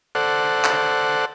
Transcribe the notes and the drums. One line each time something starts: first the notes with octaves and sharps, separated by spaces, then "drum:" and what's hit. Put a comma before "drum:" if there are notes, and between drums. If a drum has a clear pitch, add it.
A4 C5 D5 F#5
drum: clap